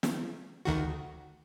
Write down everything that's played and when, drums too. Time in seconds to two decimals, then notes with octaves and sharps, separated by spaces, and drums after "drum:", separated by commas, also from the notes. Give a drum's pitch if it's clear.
0.03 drum: snare
0.65 D2 D#3 F#4